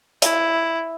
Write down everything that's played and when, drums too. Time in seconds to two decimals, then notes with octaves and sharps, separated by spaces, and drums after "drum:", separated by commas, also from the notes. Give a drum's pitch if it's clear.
0.22 E4, drum: hi-hat